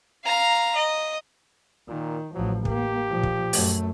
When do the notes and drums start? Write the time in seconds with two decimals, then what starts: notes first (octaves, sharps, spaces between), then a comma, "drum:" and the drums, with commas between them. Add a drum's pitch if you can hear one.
0.25 F5 A#5
0.75 D#5
1.88 A#2 D#3
2.34 A1 F3 F#3
2.65 A#3 G4, drum: kick
3.09 A#2 F3
3.23 drum: kick
3.53 F#2 A3, drum: open hi-hat